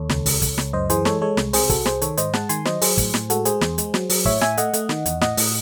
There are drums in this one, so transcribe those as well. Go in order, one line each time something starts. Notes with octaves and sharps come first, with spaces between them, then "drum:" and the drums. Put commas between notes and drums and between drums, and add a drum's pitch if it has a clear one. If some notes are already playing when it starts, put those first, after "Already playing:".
Already playing: D#2 A4 C#5
C#2, drum: snare
C#2, drum: open hi-hat
C#2, drum: kick, hi-hat
C#2, drum: snare
F#2 C5 D#5
E3 G#4 C5, drum: hi-hat
G#3 A4 C#5, drum: snare
G#3 A4 C#5
C2, drum: snare
C3 G#4 C5, drum: open hi-hat
C2 F#4 A4, drum: kick, hi-hat
C2 G#4 C5, drum: snare
D#3 A4 C#5, drum: hi-hat
G#2 C5 D#5, drum: hi-hat
G#3 F#5 A5, drum: snare
D#3 G#5 C6, drum: hi-hat
F#3 C5 D#5, drum: snare
F#3 G#4 C5, drum: open hi-hat
A2, drum: kick, hi-hat
A2, drum: snare
G#3 F#4 A4, drum: hi-hat
G#3 G#4 C5, drum: hi-hat
E2, drum: snare
G#3, drum: hi-hat
F#3, drum: snare
F#3, drum: open hi-hat
A2 C#5 E5, drum: kick
A2 E5 G#5, drum: snare
A3 D#5 F#5, drum: hi-hat
A3, drum: hi-hat
D#3, drum: snare
E2, drum: hi-hat
A2 D#5 F#5, drum: snare
A2, drum: open hi-hat